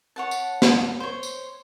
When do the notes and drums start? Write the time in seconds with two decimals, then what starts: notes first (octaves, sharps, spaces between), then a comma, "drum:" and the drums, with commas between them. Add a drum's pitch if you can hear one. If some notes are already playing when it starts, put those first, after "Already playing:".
0.16 C#5 F#5 A5
0.31 drum: tambourine
0.62 drum: snare
1.00 C5 C#5
1.23 drum: tambourine